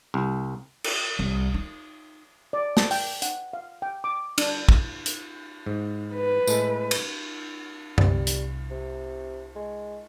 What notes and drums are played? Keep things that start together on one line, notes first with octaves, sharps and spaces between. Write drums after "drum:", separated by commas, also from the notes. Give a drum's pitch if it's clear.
C2
drum: cymbal
C2
D#4
D5
A5, drum: snare
G5, drum: open hi-hat
F#5, drum: hi-hat
F5
G5
D6
D4, drum: cymbal
drum: kick
drum: hi-hat
G#2
B4
A2 G#3 A4, drum: tambourine
drum: cymbal
C2 G3 C4, drum: tom F#2
drum: hi-hat
C3
G#3